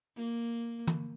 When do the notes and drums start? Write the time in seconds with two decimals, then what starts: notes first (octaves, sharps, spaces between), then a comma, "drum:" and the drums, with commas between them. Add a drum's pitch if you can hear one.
0.16 A#3
0.87 drum: tom